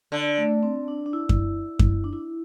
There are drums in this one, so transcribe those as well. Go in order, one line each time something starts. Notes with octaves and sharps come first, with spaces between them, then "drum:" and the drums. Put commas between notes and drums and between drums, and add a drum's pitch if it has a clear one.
D3
A3
C4
D4
D4
E4
drum: kick F#2
drum: kick F#2
D4
E4